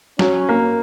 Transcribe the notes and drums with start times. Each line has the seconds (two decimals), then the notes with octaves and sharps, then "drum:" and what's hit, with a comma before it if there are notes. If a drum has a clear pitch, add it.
0.19 F#3 C#4, drum: snare
0.49 A#3